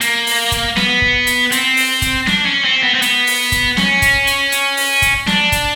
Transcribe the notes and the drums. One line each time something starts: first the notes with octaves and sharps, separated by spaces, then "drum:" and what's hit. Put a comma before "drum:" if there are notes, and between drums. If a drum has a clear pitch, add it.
A#3, drum: hi-hat
drum: open hi-hat
drum: kick, hi-hat
B3, drum: snare
drum: kick
drum: hi-hat
C4, drum: hi-hat
drum: open hi-hat
drum: kick, hi-hat
D4, drum: snare
C#4
C4
B3
C4
B3, drum: hi-hat
drum: open hi-hat
drum: kick, hi-hat
C#4, drum: snare
drum: kick, hi-hat
drum: hi-hat
drum: hi-hat
drum: open hi-hat
drum: kick, hi-hat
D4, drum: snare
drum: kick, hi-hat